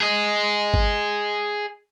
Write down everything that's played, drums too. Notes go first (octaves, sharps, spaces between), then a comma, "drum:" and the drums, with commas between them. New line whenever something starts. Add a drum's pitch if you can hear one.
G#4 D#5
drum: kick